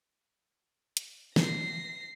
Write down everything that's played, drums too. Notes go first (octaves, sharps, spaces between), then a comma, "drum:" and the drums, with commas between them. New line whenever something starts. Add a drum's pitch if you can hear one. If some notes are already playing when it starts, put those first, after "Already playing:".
drum: hi-hat
A#6 C7, drum: snare